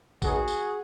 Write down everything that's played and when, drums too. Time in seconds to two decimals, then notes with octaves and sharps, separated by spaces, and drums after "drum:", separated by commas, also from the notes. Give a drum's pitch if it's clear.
0.22 D#3 F#3 B3 F#4 G#4, drum: kick, tambourine
0.48 drum: tambourine